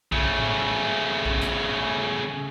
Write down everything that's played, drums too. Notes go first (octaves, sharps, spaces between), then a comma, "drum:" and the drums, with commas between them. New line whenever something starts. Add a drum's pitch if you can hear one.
C#3 A3, drum: kick A#1
drum: tom A2
drum: kick A#1
drum: hi-hat